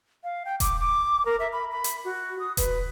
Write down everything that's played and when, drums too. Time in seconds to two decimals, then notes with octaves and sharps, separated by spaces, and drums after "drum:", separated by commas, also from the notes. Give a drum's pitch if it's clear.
0.24 F5
0.45 G5
0.60 D6, drum: kick E1, hi-hat
0.79 D6
1.26 A#4
1.40 E5
1.52 B5
1.71 B5
1.84 drum: hi-hat
2.05 F#4
2.40 D#6
2.57 B4, drum: kick E1, hi-hat